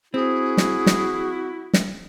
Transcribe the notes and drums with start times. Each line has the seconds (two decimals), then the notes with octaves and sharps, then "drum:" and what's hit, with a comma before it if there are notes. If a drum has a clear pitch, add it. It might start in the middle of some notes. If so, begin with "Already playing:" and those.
0.14 C4 E4 F#4 G#4
0.57 drum: snare
0.86 drum: snare
1.73 drum: snare